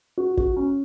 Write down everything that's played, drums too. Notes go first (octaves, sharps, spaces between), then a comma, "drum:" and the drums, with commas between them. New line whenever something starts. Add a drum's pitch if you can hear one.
F#4
F#4, drum: kick
C#4